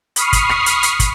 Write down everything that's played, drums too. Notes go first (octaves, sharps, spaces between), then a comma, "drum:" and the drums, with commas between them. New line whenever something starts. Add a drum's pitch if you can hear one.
B5 C#6 D#6 F6 C7, drum: hi-hat
drum: kick, hi-hat
drum: rim click
drum: hi-hat
drum: hi-hat
drum: kick, hi-hat